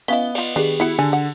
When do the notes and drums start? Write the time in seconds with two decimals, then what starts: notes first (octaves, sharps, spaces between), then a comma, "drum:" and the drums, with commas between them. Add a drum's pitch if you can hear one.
0.08 B3 C#4 E4 D#5 F5 G7
0.35 F4 D5, drum: cymbal
0.56 D#3 D4 G4 G#4
0.80 B3 E4 F#4 C#7
0.99 D3 A4 G#5
1.13 F#5